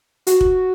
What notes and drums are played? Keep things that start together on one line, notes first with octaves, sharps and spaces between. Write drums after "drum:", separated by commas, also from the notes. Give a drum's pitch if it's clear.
F#4, drum: hi-hat
drum: kick